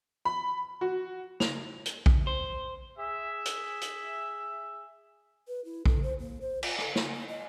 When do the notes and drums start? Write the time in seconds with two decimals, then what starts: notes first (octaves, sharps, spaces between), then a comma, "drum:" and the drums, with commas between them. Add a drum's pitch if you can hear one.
0.25 B5
0.81 F#4
1.40 F7, drum: snare
1.86 drum: hi-hat
2.06 drum: kick A#1
2.27 C5
2.97 G#4 E5
3.45 drum: hi-hat
3.81 drum: hi-hat
5.48 B4
5.65 E4
5.86 A4, drum: kick A#1
6.03 C5
6.19 A#3
6.41 C5
6.63 F4, drum: cymbal
6.78 A4, drum: rim click
6.95 F4, drum: snare
7.14 A#3
7.29 D#5